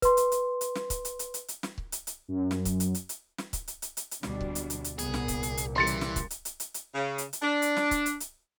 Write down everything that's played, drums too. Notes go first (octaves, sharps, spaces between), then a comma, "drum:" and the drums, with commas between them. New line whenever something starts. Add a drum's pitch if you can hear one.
B4 C6, drum: kick C#1, hi-hat
drum: hi-hat
drum: hi-hat
drum: hi-hat
drum: snare
drum: kick C#1, hi-hat
drum: hi-hat
drum: hi-hat
drum: hi-hat
drum: hi-hat
drum: snare
drum: kick C#1
drum: hi-hat
drum: hi-hat
F#2
drum: snare
drum: kick C#1, hi-hat
drum: hi-hat
drum: hi-hat
drum: hi-hat
drum: snare
drum: kick C#1, hi-hat
drum: hi-hat
drum: hi-hat
drum: hi-hat
drum: hi-hat
D2 B2 G3 D4, drum: snare
drum: kick C#1
drum: hi-hat
drum: hi-hat
drum: hi-hat
C2 A#2 B3 G#4, drum: hi-hat
drum: snare
drum: kick C#1, hi-hat
drum: hi-hat
drum: hi-hat
C#3 E3 G3 G4 C6 A6 C#7
drum: hi-hat
drum: snare
drum: kick C#1, hi-hat
drum: hi-hat
drum: hi-hat
drum: hi-hat
drum: hi-hat
C#3
drum: hi-hat
drum: hi-hat
D4
drum: hi-hat
drum: snare
drum: kick C#1, hi-hat
drum: hi-hat
drum: hi-hat